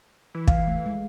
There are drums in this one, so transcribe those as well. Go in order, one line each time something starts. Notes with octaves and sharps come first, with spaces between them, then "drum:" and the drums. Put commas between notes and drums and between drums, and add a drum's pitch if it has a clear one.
E3
F5, drum: kick
A3
G#3